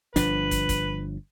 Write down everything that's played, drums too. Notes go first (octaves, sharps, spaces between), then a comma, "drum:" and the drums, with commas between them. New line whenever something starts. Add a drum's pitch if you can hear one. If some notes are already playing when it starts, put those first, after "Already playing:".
G1 F3 D4 B4, drum: kick, hi-hat
drum: kick, hi-hat
drum: kick, hi-hat